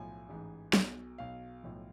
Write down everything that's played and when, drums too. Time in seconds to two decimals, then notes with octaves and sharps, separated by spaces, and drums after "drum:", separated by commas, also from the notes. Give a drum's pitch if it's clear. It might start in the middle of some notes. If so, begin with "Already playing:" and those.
Already playing: B1 A2 F3 G#5
0.29 A1 G#2 E3
0.73 B1 B2, drum: snare
1.18 B1 B2 F5
1.63 B1 A2 F3